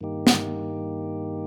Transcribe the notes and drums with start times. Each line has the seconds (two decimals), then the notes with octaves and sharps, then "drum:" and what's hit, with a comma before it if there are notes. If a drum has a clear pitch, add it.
0.01 G2 D#3 A#3 D#4 G4
0.27 drum: snare